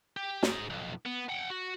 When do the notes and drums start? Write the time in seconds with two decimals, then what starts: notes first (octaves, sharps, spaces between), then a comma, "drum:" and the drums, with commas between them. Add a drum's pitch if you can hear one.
0.17 G4
0.43 G#2 D#4, drum: snare
0.70 B1 F2
1.05 B3
1.29 F#5 G5
1.51 F#4